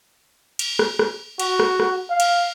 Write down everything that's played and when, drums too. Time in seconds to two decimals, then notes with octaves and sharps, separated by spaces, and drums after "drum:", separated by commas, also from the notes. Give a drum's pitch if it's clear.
0.59 drum: cymbal
0.79 drum: rim click
0.99 drum: rim click
1.39 F#4, drum: cymbal
1.60 drum: rim click
1.80 drum: rim click
2.10 F5
2.20 drum: cymbal